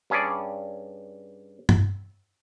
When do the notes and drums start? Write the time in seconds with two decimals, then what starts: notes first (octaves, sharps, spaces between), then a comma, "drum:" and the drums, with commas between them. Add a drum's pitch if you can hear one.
0.10 G2 C#4 G#4 D5
1.69 drum: tom